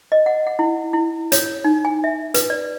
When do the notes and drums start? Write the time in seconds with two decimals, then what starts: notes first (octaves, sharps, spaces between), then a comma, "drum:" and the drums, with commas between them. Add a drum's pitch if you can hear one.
0.12 D#5
0.26 F#5
0.47 F#5
0.59 E4
0.93 E4
1.32 C#5, drum: hi-hat
1.64 D#4
1.85 G#5
2.04 E5
2.34 B4, drum: hi-hat
2.50 D5